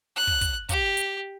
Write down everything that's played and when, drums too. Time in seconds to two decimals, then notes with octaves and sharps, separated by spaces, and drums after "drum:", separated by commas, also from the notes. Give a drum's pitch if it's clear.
0.16 F#6
0.27 drum: kick
0.41 drum: kick, hi-hat
0.69 G4, drum: kick, hi-hat
0.97 drum: hi-hat